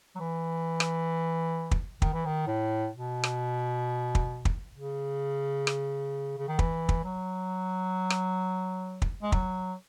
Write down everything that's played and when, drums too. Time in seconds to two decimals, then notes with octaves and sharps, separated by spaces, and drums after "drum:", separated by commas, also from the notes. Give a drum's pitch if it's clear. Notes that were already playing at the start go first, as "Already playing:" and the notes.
0.15 F#3
0.20 E3
0.80 drum: rim click
1.71 drum: kick
2.02 D#3, drum: kick
2.13 E3
2.26 D#3
2.47 A2
2.93 B2
3.24 drum: rim click
4.15 drum: kick
4.45 drum: kick
4.75 C#3
5.67 drum: rim click
6.38 C#3
6.48 D#3
6.59 E3, drum: kick
6.89 drum: kick
7.04 F#3
8.10 drum: rim click
9.02 drum: kick
9.23 G#3
9.32 F#3, drum: kick